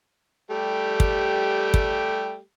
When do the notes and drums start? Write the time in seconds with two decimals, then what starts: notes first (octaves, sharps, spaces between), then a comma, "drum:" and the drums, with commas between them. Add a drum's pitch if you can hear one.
0.51 G3 A3 G4
1.00 drum: kick
1.74 drum: kick